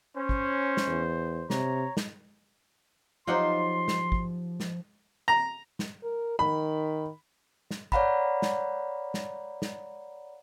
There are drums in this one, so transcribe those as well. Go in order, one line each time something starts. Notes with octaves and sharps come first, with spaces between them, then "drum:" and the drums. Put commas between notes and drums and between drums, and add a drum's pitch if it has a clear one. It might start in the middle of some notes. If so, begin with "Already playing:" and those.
C#4 C5
drum: kick
drum: snare
E2
C3 C#5 A#5, drum: snare
drum: snare
F3 F#3 D#4 F4 G4 C5 F#5 C6
drum: snare
drum: kick
drum: snare
A#5
drum: snare
A#4
D#3 B5
drum: snare
C#5 D5 F5 F#5 A#5 B5, drum: kick
drum: snare
drum: snare
drum: snare